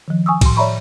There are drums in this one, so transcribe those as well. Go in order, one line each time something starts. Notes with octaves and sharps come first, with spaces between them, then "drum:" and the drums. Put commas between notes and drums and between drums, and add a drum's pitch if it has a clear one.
D#3 F3
G#5 C#6 D#6 E6
A2 C6, drum: kick, cymbal
C#5 D5 E5 A#5 B5 C#6